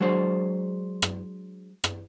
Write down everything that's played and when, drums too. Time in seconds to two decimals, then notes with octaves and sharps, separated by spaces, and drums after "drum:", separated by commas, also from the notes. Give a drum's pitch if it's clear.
0.01 F#3 G#3 D4 C5
1.02 drum: rim click
1.84 drum: rim click